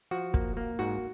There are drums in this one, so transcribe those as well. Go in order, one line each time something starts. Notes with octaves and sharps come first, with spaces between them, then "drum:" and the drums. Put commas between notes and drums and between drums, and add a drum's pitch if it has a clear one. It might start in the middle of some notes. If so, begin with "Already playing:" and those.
F3 F#4
A#3, drum: kick
A#3
G#2 F#4